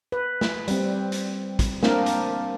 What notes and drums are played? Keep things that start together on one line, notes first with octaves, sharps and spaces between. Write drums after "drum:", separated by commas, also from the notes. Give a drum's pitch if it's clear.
B4
drum: snare
G3 C4, drum: hi-hat
drum: hi-hat
drum: kick, hi-hat
A#3 C4 D4 A#4, drum: snare
drum: hi-hat